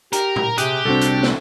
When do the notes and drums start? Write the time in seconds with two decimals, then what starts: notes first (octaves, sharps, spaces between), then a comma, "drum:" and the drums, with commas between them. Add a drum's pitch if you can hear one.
0.13 G4 A#4, drum: hi-hat
0.36 drum: tom A#2
0.58 C3 G4 G#4 F#6, drum: hi-hat
0.85 C2 C4 D4 F#4 A4
1.01 drum: hi-hat
1.23 drum: snare